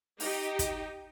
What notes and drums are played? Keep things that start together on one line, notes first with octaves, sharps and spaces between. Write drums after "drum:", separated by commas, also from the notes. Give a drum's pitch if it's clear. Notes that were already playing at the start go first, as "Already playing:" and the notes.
D#4 G4, drum: open hi-hat
drum: kick, hi-hat